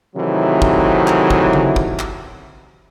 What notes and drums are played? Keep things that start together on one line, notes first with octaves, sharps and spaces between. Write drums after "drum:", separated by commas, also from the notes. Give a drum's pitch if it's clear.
C3 D#3 E3 F#3 A3
drum: kick
drum: clap
drum: kick
drum: tom C#3
drum: kick
drum: clap